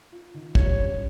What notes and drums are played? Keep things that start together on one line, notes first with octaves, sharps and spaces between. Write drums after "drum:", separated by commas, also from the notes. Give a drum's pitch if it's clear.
F4
D#3
G3 C#5, drum: kick
C#4